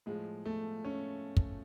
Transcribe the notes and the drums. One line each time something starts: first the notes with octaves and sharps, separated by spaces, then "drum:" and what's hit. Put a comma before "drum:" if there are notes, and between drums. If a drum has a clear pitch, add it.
A2 F3 G#3
A3
C#4
drum: kick